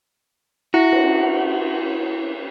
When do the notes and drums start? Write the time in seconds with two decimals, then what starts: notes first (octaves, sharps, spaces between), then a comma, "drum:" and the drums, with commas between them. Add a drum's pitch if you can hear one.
0.74 E4 F#4
0.92 drum: cymbal